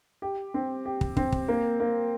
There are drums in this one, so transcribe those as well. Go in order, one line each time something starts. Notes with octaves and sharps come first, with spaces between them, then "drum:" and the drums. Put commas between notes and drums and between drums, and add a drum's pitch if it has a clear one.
G4
C4
G4
drum: kick
C4, drum: kick
drum: kick
A#3
A#3